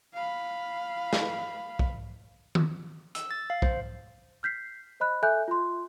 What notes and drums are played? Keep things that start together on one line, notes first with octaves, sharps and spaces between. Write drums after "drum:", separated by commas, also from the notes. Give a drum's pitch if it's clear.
F5 B5
drum: snare
drum: kick
drum: tom D#3
E6, drum: hi-hat
A6
F5
C5, drum: kick
F6 G6 B6 C7
C5 D#5 B5 F#6
A4 E5 G#5 F#6 G6
F4 C6